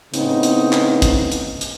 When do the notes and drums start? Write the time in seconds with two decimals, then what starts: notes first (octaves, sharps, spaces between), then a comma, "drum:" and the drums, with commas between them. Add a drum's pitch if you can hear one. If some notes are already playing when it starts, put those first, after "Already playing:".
0.14 A2 C#3 B3 C4 D#4, drum: hi-hat
0.43 drum: hi-hat
0.73 drum: clap
1.02 drum: kick, hi-hat
1.32 drum: hi-hat
1.61 drum: hi-hat